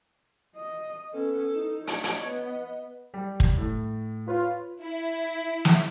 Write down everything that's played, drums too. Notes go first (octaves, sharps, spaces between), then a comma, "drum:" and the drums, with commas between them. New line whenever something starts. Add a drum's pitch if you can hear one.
D#5
B3 C#4 A4
D#4
D4 C#5 D#5, drum: hi-hat
drum: hi-hat
B3
G3
drum: kick
A2
F4 B4 C#5
E4
drum: snare